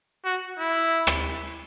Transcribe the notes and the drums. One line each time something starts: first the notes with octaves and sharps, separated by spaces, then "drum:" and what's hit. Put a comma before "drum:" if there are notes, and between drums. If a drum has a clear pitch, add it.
F#4
E4
drum: rim click